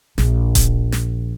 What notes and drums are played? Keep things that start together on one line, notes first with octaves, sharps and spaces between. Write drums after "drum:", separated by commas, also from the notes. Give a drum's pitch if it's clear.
A#1, drum: snare
drum: kick D#1, hi-hat
drum: snare